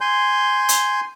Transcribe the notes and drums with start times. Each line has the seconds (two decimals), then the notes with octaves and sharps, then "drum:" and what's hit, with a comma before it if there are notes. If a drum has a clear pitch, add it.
0.01 G#5 C6 G6
0.69 drum: hi-hat